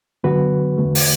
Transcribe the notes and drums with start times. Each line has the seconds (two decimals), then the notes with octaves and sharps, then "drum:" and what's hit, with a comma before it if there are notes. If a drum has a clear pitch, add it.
0.24 F#2 D3 F#3 B3 F#4 B4
0.77 E2 D3 A3
0.95 drum: open hi-hat